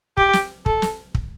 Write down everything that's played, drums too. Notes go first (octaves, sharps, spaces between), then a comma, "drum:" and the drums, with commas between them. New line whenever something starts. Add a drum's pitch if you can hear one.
G4, drum: kick
drum: snare
A4, drum: kick
drum: snare
drum: kick